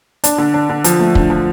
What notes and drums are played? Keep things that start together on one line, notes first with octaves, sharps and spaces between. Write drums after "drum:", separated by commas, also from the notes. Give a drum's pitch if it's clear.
D4, drum: hi-hat
D3
D4
D3
F3, drum: hi-hat
A3
D3, drum: kick
F3